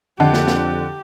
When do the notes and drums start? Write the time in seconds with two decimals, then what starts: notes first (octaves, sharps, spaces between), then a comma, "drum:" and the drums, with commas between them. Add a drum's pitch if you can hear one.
0.20 F2 D3 G4 D#5 F#5 A5
0.34 drum: snare
0.47 drum: snare